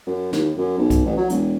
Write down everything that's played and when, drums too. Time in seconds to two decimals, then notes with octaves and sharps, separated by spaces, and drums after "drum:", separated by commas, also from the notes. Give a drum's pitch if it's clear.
0.07 F#2
0.33 D#2, drum: snare
0.57 F#2
0.78 B1
0.90 drum: kick B1, hi-hat
1.06 A1
1.17 F#3
1.30 E1, drum: hi-hat